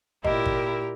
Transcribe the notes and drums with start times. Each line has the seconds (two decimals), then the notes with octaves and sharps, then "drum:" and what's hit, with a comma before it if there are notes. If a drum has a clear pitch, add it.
0.24 A#2 E4 G4 A#4 D#5, drum: kick
0.45 drum: kick